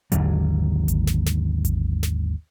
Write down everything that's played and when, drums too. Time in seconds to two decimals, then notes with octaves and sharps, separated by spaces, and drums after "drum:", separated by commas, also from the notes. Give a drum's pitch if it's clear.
0.12 G#1 D#2 D3 F#3, drum: hi-hat
0.88 drum: kick G#1, hi-hat
1.07 drum: snare
1.26 drum: snare
1.65 drum: kick G#1, hi-hat
2.03 drum: snare